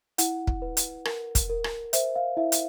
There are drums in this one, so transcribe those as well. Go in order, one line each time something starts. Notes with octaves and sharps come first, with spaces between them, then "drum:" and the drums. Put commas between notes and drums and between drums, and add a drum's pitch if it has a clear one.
E4 F#5, drum: hi-hat
drum: kick
B4
drum: hi-hat
A#4, drum: rim click
drum: kick, hi-hat
A#4
drum: rim click
C5 E5, drum: hi-hat
F5
E4 E5
drum: hi-hat